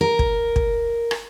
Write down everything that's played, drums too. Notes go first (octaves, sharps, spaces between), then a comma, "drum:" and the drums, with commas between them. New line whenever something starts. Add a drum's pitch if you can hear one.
A#4
drum: kick
drum: kick
drum: rim click